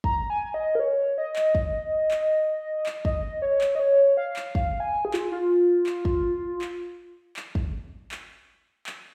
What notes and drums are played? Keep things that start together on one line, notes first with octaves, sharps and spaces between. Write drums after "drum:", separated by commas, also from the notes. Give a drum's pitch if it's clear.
A#5, drum: kick
G#5
D#5
A#4
C#5
D#5
drum: clap
drum: kick
drum: clap
drum: clap
D#5, drum: kick
C#5
drum: clap
D#5
C#5
F5
drum: clap
F5, drum: kick
G#5
G#4
F4, drum: clap
F4
drum: clap
drum: kick
drum: clap
drum: clap
drum: kick
drum: clap
drum: clap